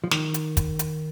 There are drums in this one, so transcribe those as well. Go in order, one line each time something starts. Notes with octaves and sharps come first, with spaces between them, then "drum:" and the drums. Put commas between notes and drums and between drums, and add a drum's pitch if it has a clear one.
F3
D#3, drum: snare
drum: hi-hat
drum: kick, hi-hat
drum: hi-hat